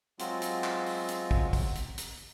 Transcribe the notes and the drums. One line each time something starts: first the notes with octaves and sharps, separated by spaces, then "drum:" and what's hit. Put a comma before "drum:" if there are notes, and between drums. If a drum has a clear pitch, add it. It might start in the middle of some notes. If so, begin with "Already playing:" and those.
F#3 G#3 C4 F4 F#4, drum: hi-hat
drum: hi-hat
drum: clap
drum: open hi-hat
drum: hi-hat
drum: kick
drum: kick, open hi-hat
drum: hi-hat
drum: hi-hat